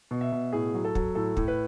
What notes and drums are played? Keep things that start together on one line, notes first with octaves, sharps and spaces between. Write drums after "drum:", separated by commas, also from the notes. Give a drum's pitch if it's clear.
B2
E5
B2
A2 G#4
F#3
A4
F#3, drum: kick
A2 A4
A2, drum: kick
B4